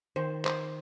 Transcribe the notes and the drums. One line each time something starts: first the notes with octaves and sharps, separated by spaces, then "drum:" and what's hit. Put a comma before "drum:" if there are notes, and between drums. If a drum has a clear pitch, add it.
D#3 C5
C5, drum: clap